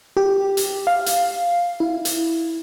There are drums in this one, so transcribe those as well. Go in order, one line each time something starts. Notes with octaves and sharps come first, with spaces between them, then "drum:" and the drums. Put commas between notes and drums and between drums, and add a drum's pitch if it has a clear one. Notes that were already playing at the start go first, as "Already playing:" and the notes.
G4
drum: hi-hat
F5
drum: hi-hat
E4
drum: hi-hat